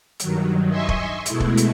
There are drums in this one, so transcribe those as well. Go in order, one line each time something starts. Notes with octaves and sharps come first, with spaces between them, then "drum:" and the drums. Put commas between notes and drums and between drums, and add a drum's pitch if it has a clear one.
G2 D#3 F#3, drum: hi-hat
D#5 E5 G#5 C6 C#6
drum: kick
B2 G#3 A3 E4, drum: hi-hat
drum: kick
drum: hi-hat